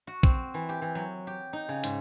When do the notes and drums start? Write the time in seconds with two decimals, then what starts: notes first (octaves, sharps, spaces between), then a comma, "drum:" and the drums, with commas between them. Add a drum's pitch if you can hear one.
0.07 F#4
0.23 C4, drum: kick
0.54 E3
0.69 G4
0.82 E3
0.95 F#3
1.27 G4
1.53 D#4
1.69 C#3
1.84 G#2, drum: hi-hat